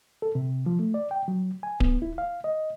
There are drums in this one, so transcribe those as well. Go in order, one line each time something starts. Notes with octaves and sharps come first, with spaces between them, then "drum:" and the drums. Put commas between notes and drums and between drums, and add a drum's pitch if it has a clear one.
A4
C3
F3
A3
D5
G5
F#3
G#5
B3, drum: kick D1
E4
F5
D#5